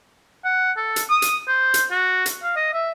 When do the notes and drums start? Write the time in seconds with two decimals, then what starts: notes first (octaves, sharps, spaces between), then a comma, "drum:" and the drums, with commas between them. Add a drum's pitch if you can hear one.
0.44 F#5
0.76 A4
0.96 drum: hi-hat
1.10 D#6
1.22 drum: hi-hat
1.48 C5
1.74 drum: hi-hat
1.91 F#4
2.26 drum: hi-hat
2.43 F5
2.56 D#5
2.73 E5